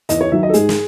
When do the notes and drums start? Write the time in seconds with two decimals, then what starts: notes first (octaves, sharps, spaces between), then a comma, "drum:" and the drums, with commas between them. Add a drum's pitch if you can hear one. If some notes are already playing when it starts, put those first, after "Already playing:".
0.09 E2 D#5, drum: hi-hat
0.21 C#5
0.32 D#3 F#3 E5
0.43 D#5
0.49 A4
0.54 G#2 G#4, drum: hi-hat
0.69 drum: snare